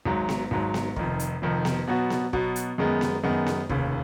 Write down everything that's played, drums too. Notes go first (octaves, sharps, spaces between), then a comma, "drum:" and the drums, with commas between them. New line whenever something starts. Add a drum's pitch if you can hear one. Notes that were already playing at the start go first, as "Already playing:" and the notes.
G#1 G#2 F#3
drum: snare B3
G#1 G#2 F#3
drum: snare B3
F1 F2 D#3, drum: kick
drum: hi-hat
F1 F2 D#3
drum: snare B3
B2 F#3 B3 F#4
drum: snare B3
B2 F#3 B3 F#4, drum: kick
drum: hi-hat
F#2 D#3 G#3 B3
drum: snare B3
F#2 D#3 G#3 B3
drum: snare B3
F1 D#2 C#3, drum: kick